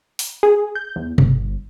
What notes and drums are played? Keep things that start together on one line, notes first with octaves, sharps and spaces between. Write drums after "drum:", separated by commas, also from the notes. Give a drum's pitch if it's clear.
drum: open hi-hat
G#4
G6
E2
G1, drum: tom B2